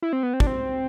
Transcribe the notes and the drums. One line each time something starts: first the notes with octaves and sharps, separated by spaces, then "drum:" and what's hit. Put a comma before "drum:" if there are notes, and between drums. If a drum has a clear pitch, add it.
E4
C4
B3
C4
D4, drum: kick
C4